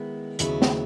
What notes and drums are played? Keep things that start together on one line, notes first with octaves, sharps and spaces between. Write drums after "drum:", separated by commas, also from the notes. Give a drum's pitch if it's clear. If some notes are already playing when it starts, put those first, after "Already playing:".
Already playing: D#3 G#3 B3 E4
D#2 C#3 F#3 B3 E4, drum: hi-hat
drum: snare